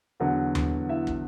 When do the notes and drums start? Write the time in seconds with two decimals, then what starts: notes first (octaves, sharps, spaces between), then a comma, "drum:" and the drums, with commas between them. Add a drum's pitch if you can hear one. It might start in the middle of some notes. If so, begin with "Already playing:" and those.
0.20 E2 D3 F#3 B3 F#4
0.55 drum: tom D#2
0.89 E4 E5
1.07 drum: kick